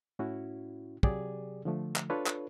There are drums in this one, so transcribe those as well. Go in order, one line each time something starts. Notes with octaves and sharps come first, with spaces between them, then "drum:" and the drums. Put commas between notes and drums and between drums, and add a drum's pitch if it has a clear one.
A2 C#4 E4 F#4
C3 F#3 G4 G#4 D5, drum: kick
D3 F3 A3
drum: clap
D4 F4 A4 B4 C#5
drum: clap